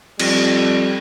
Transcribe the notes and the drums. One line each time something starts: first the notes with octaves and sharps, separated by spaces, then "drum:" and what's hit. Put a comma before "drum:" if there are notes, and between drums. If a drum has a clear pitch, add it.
F2 G3, drum: cymbal